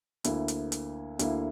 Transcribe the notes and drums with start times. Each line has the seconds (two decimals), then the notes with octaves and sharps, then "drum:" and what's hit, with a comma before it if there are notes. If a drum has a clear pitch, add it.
0.24 D2 D3 A#3 E4, drum: hi-hat
0.48 drum: hi-hat
0.72 drum: hi-hat
1.19 D2 D3 A#3 E4, drum: hi-hat